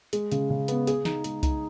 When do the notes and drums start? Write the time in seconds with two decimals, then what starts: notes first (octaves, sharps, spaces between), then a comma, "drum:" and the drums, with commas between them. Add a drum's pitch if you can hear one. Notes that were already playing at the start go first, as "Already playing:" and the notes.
0.13 G#3, drum: hi-hat
0.32 C#3, drum: hi-hat
0.50 C#3
0.68 B3, drum: hi-hat
0.87 G#4, drum: hi-hat
1.05 D#4, drum: snare
1.24 G#3, drum: hi-hat
1.43 D#4, drum: kick C2, hi-hat